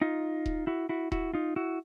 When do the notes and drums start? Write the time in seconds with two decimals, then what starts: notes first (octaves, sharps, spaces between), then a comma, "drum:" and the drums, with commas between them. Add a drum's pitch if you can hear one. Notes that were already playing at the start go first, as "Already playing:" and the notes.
0.01 D#4 F4
0.46 drum: kick D#1
0.67 E4 F#4
0.89 E4 F#4
1.12 E4 F#4, drum: kick D#1
1.34 D#4 F4
1.56 E4 F#4